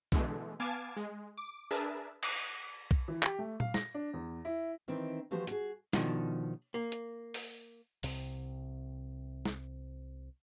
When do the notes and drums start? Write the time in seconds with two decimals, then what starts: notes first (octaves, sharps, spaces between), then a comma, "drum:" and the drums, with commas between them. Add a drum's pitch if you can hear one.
0.12 B2 D3 E3 G#3 A3, drum: kick B1
0.60 B3 F5 G#5 A5 D6 G#6
0.97 G#3
1.38 D6
1.71 D4 G#4 A#4 B4 E5 A5
2.23 D6 D#6 F#6 C7 D7, drum: cymbal
2.91 drum: kick B1
3.08 E3
3.23 G4, drum: clap
3.39 A3
3.60 F5, drum: tom A#2
3.74 A#6, drum: snare
3.94 D4
4.14 E2
4.45 E4
4.88 D#3 E3 C4 D#4 E4 G5
5.31 E3 F3 A3 F#4 G4 C5
5.47 F#4 G#4, drum: hi-hat
5.93 B2 D#3 F3 D4, drum: snare
6.74 A#3
6.92 drum: hi-hat
7.34 drum: open hi-hat
8.03 C2 C3, drum: open hi-hat
9.45 drum: snare